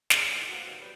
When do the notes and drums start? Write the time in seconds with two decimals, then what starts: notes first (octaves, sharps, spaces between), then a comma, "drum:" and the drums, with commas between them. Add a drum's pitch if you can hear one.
0.10 E3 A#3 C#4 D#4 G#4, drum: snare
0.32 G2 A#2 D#3 E3 A3 B3
0.48 A2 F#3 A#3 C4 F#4
0.65 A2 D3 D#3 F#3 G3 B3
0.80 G4 B4 D5